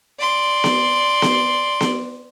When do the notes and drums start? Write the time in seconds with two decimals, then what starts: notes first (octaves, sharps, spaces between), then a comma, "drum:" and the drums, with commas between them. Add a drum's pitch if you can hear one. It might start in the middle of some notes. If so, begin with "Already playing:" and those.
0.20 D5 C6
0.64 drum: snare B3
1.22 drum: snare B3
1.81 drum: snare B3